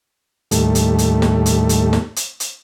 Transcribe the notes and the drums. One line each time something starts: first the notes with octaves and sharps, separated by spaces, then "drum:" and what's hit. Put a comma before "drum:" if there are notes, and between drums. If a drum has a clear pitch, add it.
D#2 A2 G3 A3, drum: hi-hat
drum: hi-hat
drum: hi-hat
drum: snare
drum: hi-hat
drum: hi-hat
drum: snare
drum: hi-hat
drum: hi-hat